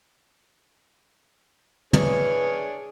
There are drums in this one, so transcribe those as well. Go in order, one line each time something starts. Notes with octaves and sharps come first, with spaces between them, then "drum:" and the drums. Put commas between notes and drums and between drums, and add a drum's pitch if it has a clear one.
E3 D4 G#4 C#5, drum: tom